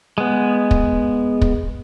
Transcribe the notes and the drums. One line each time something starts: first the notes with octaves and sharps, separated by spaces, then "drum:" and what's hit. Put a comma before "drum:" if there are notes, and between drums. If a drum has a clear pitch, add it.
G#3 B3
drum: kick
drum: kick